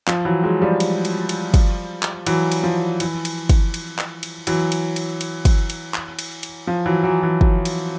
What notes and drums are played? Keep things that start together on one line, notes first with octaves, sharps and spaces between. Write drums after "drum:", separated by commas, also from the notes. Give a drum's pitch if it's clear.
F3, drum: clap
E3 F#3
F#3 G#3
F3 G3
drum: cymbal
drum: cymbal
drum: cymbal
drum: kick, cymbal
drum: clap
E3 F#3, drum: cymbal
drum: cymbal
F3
E3, drum: cymbal
drum: cymbal
drum: kick, cymbal
drum: cymbal
drum: clap
drum: cymbal
E3 F#3, drum: cymbal
drum: cymbal
drum: cymbal
drum: cymbal
drum: kick, cymbal
drum: cymbal
drum: clap
drum: cymbal
drum: cymbal
F3
E3 F#3
E3 F#3
E3 F#3
drum: kick
drum: cymbal